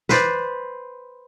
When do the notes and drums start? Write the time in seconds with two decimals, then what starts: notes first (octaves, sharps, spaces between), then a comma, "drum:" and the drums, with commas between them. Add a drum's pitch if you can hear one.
0.09 B4 C5 D5, drum: snare